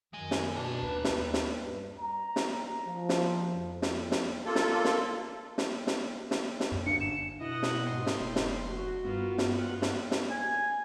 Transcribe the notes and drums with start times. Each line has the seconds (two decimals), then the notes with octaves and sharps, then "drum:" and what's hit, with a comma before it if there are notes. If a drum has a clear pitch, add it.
0.13 F#2 D#3 G#3 G#5
0.31 drum: snare
0.54 B2 D4 D#4 A5
0.83 D#2 B4
1.04 drum: snare
1.34 drum: snare
1.61 G2
1.98 A#5
2.36 drum: snare
2.87 F3
3.09 drum: snare
3.54 F2
3.82 drum: snare
4.12 drum: snare
4.45 A#3 F4 A4
4.55 drum: snare
4.85 drum: snare
5.58 drum: snare
5.87 drum: snare
6.31 drum: snare
6.60 drum: snare
6.72 F#2
6.86 G1 D4 C#7
7.01 E7
7.41 B2 E4 D#5 F#5
7.63 drum: snare
7.89 C2 G#2 D#4 C6
8.07 drum: snare
8.21 F1
8.36 drum: snare
8.69 F#4
9.05 G2 B3 F4 A#4
9.38 drum: snare
9.53 F4 F#5
9.82 drum: snare
10.11 drum: snare
10.30 G#5